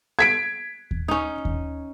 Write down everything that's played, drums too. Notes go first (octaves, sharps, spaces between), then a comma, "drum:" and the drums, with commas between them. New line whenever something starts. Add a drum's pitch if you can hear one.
G#6 B6 D7
drum: kick D#2
C#4 D#4
drum: kick D#2